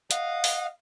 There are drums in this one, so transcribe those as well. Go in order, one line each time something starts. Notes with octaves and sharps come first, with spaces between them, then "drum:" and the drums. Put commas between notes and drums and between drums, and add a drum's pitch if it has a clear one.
D#5 F5 F#5, drum: hi-hat
drum: open hi-hat